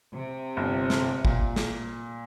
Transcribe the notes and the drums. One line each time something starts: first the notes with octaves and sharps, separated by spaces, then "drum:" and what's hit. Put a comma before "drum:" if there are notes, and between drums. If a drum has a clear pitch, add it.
C3
G1
drum: snare
A#2, drum: kick G1
drum: snare